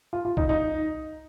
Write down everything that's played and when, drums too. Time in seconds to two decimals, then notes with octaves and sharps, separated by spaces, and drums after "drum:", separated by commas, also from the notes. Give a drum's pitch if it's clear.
0.13 F4
0.25 F4
0.37 D#4, drum: kick B1
0.49 D#4